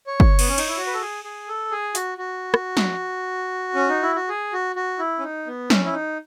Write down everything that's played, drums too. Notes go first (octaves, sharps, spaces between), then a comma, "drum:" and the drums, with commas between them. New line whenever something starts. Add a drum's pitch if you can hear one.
C#5
drum: kick
B3, drum: cymbal
C#4
D#4, drum: cymbal
E4
F#4
B4
A4
G#4
G#4
A4
G#4
F#4, drum: hi-hat
F#4
drum: rim click
drum: snare
C#4
D#4
E4
F#4
G#4
F#4
F#4
E4
C#4
D#4
B3
C#4, drum: snare
E4
D#4